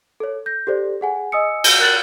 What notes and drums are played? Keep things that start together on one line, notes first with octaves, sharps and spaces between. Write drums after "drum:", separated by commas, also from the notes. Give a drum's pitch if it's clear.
A4 C#5
G6 A#6
G4 A4 C5 D5
G#4 F#5 G#5
D#5 G#5 D#6 E6 C#7
drum: cymbal
A#4 F#6 A6 F#7